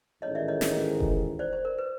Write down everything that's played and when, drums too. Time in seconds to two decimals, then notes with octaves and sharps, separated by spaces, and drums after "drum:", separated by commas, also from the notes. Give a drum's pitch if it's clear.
0.22 A1 G#2 D#3 C#5 D#5
0.35 D5 E5
0.48 C#5 D#5
0.61 C#5 D#5, drum: snare
1.00 drum: kick F1
1.39 C5 D5
1.53 C5
1.65 A#4
1.78 B4